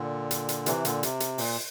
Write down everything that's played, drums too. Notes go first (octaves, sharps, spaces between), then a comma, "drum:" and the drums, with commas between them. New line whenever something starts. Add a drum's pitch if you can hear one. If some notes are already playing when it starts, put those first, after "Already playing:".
Already playing: A#2 D3
drum: hi-hat
drum: hi-hat
C3 E3, drum: hi-hat
A#2 D3, drum: hi-hat
C3, drum: hi-hat
drum: hi-hat
A#2, drum: open hi-hat